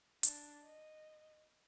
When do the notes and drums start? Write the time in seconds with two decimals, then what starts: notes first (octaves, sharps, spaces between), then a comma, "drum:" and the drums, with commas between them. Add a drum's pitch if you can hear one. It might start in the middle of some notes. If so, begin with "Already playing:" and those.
0.23 D4, drum: hi-hat
0.64 D#5